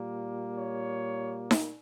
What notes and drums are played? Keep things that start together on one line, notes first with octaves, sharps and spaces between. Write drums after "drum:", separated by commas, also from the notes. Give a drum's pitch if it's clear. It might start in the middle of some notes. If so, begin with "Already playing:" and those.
Already playing: A#2 G3 A#3
C#5
drum: snare D#4